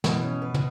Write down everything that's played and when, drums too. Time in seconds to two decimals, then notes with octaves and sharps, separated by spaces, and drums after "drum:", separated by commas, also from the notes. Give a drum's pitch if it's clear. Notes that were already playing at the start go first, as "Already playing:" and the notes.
0.04 B2 E3, drum: snare
0.23 C#4
0.42 B4
0.54 drum: tom